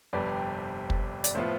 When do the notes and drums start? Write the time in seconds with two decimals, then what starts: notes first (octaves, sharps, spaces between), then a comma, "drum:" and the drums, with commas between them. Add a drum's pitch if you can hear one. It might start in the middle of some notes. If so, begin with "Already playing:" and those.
0.13 G1 F2 C3 G3 B4 D5
0.90 drum: kick
1.24 D5, drum: hi-hat
1.35 A2 F3 B3 F4 C5 E5